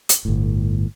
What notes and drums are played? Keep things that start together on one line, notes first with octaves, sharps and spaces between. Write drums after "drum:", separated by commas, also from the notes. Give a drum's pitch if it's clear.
drum: hi-hat
G1 A2